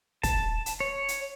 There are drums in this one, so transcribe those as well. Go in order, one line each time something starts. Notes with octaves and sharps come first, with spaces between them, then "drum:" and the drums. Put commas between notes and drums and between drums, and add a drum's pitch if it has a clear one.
A5, drum: kick, hi-hat
drum: hi-hat
C#5
drum: hi-hat